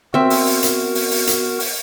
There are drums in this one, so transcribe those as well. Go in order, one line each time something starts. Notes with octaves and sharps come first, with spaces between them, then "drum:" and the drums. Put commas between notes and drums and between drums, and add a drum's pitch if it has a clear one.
B3 C4 F#4 A#4 E5
drum: open hi-hat
drum: open hi-hat
drum: hi-hat
drum: open hi-hat
drum: open hi-hat
drum: hi-hat
drum: open hi-hat